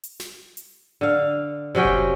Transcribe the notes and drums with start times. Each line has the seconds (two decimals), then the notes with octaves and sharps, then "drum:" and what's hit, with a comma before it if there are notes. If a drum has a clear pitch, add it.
0.04 drum: hi-hat
0.20 drum: snare
0.57 drum: hi-hat
1.01 D3 F5
1.75 C3 F#3 C#4 G5
1.85 drum: kick F1